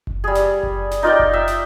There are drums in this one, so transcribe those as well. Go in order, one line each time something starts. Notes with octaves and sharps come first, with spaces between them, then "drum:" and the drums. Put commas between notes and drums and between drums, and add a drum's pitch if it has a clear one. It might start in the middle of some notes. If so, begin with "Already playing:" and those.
drum: kick F#1
G3 G#4
drum: snare
drum: kick F#1
drum: snare
D#4 F4 D5 G5
drum: kick F#1
E5
drum: snare